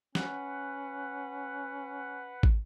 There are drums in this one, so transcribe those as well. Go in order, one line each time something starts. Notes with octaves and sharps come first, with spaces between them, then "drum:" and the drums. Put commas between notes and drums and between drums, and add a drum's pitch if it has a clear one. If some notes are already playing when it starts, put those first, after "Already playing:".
C#4 B4 F#5, drum: snare
drum: kick